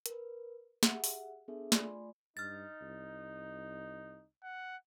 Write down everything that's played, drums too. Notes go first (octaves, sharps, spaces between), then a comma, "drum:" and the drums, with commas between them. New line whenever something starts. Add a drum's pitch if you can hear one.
A#4 B4, drum: hi-hat
G4 G#4 E5 F#5, drum: snare
drum: open hi-hat
B3 D4 G#4 A4 E5
A3 F4 D5 G#5 B5 C6, drum: snare
G2 D#4 F6 A6
C2
F#5